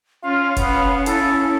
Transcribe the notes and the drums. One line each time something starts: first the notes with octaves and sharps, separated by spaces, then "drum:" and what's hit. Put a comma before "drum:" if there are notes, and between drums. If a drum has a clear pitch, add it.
C#4 F4 F5
B3, drum: kick F1, hi-hat
E4 A4, drum: hi-hat